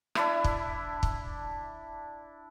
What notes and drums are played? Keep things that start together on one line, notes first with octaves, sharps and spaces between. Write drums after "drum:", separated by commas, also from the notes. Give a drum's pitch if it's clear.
D4 E4 E5, drum: rim click
drum: kick
drum: kick